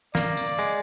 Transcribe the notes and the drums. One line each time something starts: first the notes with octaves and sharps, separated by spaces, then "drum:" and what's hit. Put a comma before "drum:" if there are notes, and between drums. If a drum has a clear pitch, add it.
A#3 D5, drum: snare
drum: tambourine
G#3, drum: tambourine